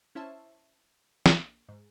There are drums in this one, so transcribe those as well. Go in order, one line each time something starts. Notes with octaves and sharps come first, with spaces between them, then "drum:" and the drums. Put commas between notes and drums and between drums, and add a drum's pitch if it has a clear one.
C#4 E4 C5 E5 A5
A#1, drum: snare
G#2